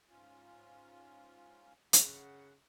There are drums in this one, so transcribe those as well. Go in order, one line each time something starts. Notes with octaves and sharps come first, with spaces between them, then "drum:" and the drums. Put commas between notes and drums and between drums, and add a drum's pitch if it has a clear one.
G#2 C#4 F4
F#2 C#3 F#5, drum: hi-hat